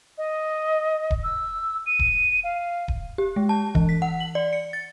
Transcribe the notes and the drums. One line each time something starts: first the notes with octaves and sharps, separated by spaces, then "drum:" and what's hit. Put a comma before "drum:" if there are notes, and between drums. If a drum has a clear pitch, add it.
D#5
drum: kick D#1
E6
D#7
drum: kick D#1
F5
drum: kick D#1
G4
G#3
A5
E3, drum: kick D#1
B6
F#5
F#7
D5
C#7
A6